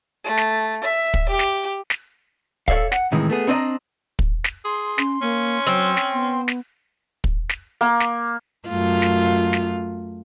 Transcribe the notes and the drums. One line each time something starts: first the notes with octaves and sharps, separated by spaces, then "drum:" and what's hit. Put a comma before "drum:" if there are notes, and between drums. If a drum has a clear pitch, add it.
A3
drum: snare
E5
drum: kick
G4
drum: snare
drum: snare
A4 C#5 D5 E5 F5, drum: kick
F#5, drum: snare
A2 C3 D#3 E3 G#3
A3 B3 G#4
B3 C4 D4 C5 D#5 A#5
drum: kick
drum: snare
G#4 C6
C#4, drum: snare
A#3 C#4
F#3 C4
drum: snare
B3
drum: snare
drum: kick
drum: snare
A#3
drum: snare
F#2 A3 F4
drum: snare
drum: snare